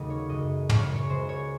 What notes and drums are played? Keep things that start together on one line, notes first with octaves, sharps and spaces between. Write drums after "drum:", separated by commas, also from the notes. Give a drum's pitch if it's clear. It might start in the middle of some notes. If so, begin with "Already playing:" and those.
Already playing: D#2 C#3 F#3 A3 D#5
C#5
F#2 C#3 G#3 D#5
F#2 C#3 G#3 C#5, drum: tom
C#5
C#5
C#2 C#3 G#3 C5
C#5